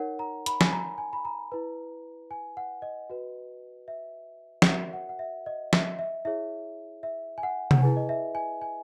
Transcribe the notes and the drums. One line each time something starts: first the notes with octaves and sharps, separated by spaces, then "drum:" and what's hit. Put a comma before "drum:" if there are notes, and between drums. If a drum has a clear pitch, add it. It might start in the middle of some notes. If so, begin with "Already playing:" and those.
Already playing: D#4 A#4 C#5 F#5
A#5
B5, drum: hi-hat
G#5, drum: snare
A#5
G#5
B5
A#5
E4 B4
G#5
F#5
D#5
F#4 B4
E5
F#5, drum: snare
F#4 A#4 C#5 E5
F#5
F#5
E5
D#5
E5, drum: snare
E5
E4 G#4 C#5 E5
E5
G#5
F#5
F#5, drum: tom C3
E4 G#4 B4 G#5
D#5
E5
G#5
G#5